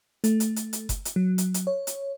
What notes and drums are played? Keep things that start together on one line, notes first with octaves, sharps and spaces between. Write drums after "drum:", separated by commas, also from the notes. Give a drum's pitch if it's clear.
A3, drum: hi-hat
drum: hi-hat
drum: hi-hat
drum: hi-hat
drum: kick F#1, hi-hat
drum: hi-hat
F#3
drum: hi-hat
drum: hi-hat
C#5
drum: hi-hat